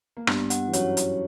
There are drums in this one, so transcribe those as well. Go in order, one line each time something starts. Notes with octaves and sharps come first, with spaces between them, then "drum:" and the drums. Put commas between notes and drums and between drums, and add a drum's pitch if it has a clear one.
A#3
G2 G3 B3, drum: rim click
F#5, drum: hi-hat
E3
F#2 F#3 C#5, drum: hi-hat
C#5, drum: hi-hat